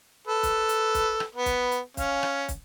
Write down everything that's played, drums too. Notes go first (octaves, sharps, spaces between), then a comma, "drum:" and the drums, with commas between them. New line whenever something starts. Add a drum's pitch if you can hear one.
A4 B4
drum: kick, hi-hat
drum: hi-hat
drum: kick, hi-hat
drum: rim click
B3 B4
drum: kick, hi-hat
drum: hi-hat
C#4 F5, drum: kick, hi-hat
drum: rim click
drum: kick, hi-hat